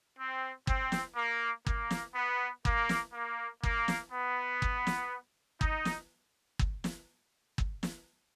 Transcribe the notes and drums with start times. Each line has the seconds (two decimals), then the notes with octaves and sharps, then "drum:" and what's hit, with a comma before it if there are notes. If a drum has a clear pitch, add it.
0.18 C4
0.67 C4, drum: kick
0.92 drum: snare
1.16 A#3
1.66 A#3, drum: kick
1.91 drum: snare
2.15 B3
2.65 A#3, drum: kick
2.89 drum: snare
3.13 A#3
3.63 A#3, drum: kick
3.88 drum: snare
4.12 B3
4.62 drum: kick
4.87 drum: snare
5.61 D#4, drum: kick
5.85 drum: snare
6.59 drum: kick
6.84 drum: snare
7.58 drum: kick
7.83 drum: snare